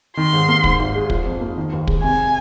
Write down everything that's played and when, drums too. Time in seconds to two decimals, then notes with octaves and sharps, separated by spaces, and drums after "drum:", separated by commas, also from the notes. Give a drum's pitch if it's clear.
0.17 D#3 C6
0.33 G#2
0.48 A#3
0.64 G#2, drum: kick
0.80 G#1
0.95 G#3
1.10 F3, drum: kick
1.26 F2
1.41 A#3
1.57 D#3
1.73 D#2
1.87 G#3, drum: kick
2.03 C3 G#5